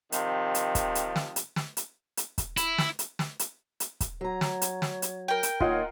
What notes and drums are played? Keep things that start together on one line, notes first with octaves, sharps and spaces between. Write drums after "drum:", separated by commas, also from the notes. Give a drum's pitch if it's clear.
C3 D#3 F3, drum: hi-hat
drum: hi-hat
drum: kick, hi-hat
drum: hi-hat
drum: snare
drum: hi-hat
drum: snare
drum: hi-hat
drum: hi-hat
drum: kick, hi-hat
E4, drum: hi-hat
drum: snare
drum: hi-hat
drum: snare
drum: hi-hat
drum: hi-hat
drum: kick, hi-hat
F#3 C#5 A#5
drum: snare
drum: hi-hat
drum: snare
drum: hi-hat
A#4 G5
drum: hi-hat
D#3 A#3 F4 C#5 D#5 F#5, drum: kick